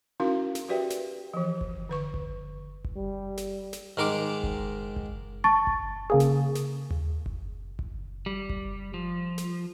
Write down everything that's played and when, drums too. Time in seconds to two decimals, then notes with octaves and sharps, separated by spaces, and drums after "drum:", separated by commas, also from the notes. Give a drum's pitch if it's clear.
0.20 C#4 D#4 E4 F#4 A#4 F5
0.55 drum: snare
0.68 F#4 G4 B4 D5 E5 G5
0.90 drum: snare
1.34 E3 F3
1.61 drum: kick F#1
1.89 D3 B4 C#6
2.14 drum: kick F#1
2.85 drum: kick F#1
2.96 G3
3.37 drum: snare
3.73 drum: snare
3.97 G#2 D#3 A#4 C6 D6
4.43 drum: kick F#1
4.96 drum: kick F#1
5.44 A5 C#6 A6
5.67 drum: kick F#1
6.10 C#3 A#3 G#4
6.20 drum: snare
6.55 drum: snare
6.91 drum: tom D#2
7.26 drum: kick F#1
7.79 drum: kick F#1
8.26 G3
8.49 drum: kick F#1
8.94 F3
9.38 drum: snare